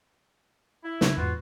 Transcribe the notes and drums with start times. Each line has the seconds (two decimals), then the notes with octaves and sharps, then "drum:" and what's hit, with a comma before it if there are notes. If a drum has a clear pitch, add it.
0.83 E4
1.01 C#3 D4, drum: snare
1.17 E2 G#2 B3 F4 F#4